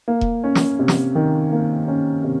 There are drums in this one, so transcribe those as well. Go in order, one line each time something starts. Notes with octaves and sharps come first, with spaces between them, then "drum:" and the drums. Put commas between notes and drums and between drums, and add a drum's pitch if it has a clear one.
A#3
drum: kick E1
C#4
drum: snare
C3
drum: snare
D#3
A#3
C#4
C3